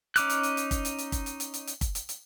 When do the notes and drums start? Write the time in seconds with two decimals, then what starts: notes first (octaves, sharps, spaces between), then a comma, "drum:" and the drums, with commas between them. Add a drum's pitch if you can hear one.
0.16 C#4 D#4 D6 F6 F#6, drum: hi-hat
0.30 drum: hi-hat
0.43 drum: hi-hat
0.57 drum: hi-hat
0.71 drum: kick, hi-hat
0.85 drum: hi-hat
0.98 drum: hi-hat
1.12 drum: kick, hi-hat
1.26 drum: hi-hat
1.40 drum: hi-hat
1.54 drum: hi-hat
1.67 drum: hi-hat
1.81 drum: kick, hi-hat
1.95 drum: hi-hat
2.09 drum: hi-hat